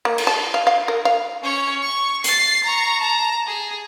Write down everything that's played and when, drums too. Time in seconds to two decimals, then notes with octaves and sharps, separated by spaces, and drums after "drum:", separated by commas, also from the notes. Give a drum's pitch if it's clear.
0.05 A#3
0.18 drum: cymbal
0.27 A5
0.54 F5
0.67 F5
0.88 A#4
1.05 F5
1.43 C#4 C#5
1.82 C#6
2.24 A6 C7, drum: hi-hat
2.64 A#5 C#6
3.01 A5 A#5
3.46 G#4